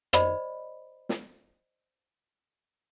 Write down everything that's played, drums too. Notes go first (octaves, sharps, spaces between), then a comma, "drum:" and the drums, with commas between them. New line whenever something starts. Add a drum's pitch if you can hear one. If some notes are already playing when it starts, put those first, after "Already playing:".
C5 D5 D#5 B5, drum: rim click
drum: snare